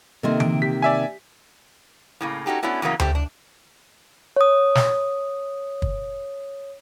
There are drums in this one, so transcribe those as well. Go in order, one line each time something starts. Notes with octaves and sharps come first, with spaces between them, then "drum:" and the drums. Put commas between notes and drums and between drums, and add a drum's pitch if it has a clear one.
C3 D#3 A#3 A4 D#5 C6
E3 D7, drum: tom D3
G4 B6
D5 E5 G#5
A2 C#3 A#3
C#4 D#4 F#4 G4 A4
A3 B3 C#4 D4 E4 F#4
E2 C#3 F#3 A#3 C#4
A3 C4 G4, drum: tom D2
D4
C#5 D#6
drum: snare
drum: kick